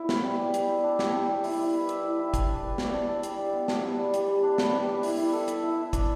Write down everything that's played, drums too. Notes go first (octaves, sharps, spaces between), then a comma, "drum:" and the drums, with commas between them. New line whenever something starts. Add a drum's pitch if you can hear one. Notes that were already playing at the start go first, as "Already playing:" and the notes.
Already playing: B3 E4 D5
B4, drum: snare
G3
G3
G3, drum: hi-hat
G3
D4
G4, drum: snare
G3
G3
E4, drum: open hi-hat
E4
B4
E5, drum: hi-hat
E4
E4
D4, drum: kick, hi-hat
D4
B4
D5, drum: snare
D4
D4
G3, drum: hi-hat
G3
B3
D4, drum: snare
G3
G3
G3, drum: hi-hat
G3
D4
B4, drum: snare
G3
G3
E4, drum: open hi-hat
E4
A4
E5, drum: hi-hat
E4
E4
D4, drum: kick, hi-hat